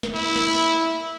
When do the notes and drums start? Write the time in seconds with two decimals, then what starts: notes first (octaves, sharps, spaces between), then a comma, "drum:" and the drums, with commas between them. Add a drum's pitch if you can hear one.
0.03 drum: snare
0.14 E4
0.36 drum: snare